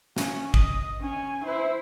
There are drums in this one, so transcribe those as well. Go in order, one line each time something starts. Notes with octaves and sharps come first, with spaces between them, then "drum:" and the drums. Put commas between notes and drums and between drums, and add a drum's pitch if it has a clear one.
C#4, drum: snare
D#5, drum: kick
C#4 G#5
E4 C5